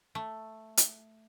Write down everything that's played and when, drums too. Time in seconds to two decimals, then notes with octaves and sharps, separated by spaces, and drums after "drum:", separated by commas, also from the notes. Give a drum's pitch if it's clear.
0.15 A3
0.77 drum: hi-hat